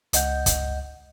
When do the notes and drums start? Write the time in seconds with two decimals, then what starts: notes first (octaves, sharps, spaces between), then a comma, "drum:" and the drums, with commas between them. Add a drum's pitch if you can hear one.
0.13 C#2 D#5 F#5 G6, drum: hi-hat
0.46 drum: kick, hi-hat